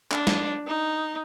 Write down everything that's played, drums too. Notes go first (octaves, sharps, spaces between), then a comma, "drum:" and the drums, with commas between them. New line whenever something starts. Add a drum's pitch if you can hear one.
D4, drum: clap
drum: snare
D#4